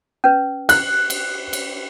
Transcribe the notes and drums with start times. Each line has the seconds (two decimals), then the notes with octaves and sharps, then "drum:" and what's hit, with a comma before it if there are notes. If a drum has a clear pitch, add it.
0.24 C#4 B4
0.69 F#6, drum: cymbal
1.10 drum: cymbal
1.53 drum: cymbal